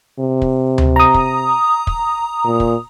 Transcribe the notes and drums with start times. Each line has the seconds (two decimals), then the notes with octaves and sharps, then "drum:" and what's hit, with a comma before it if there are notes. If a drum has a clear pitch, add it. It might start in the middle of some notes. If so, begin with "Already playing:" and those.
0.20 C3
0.42 drum: kick
0.78 drum: tom D2
0.96 A#5 D#6
1.14 drum: kick
1.87 drum: kick
2.45 A#2
2.60 drum: kick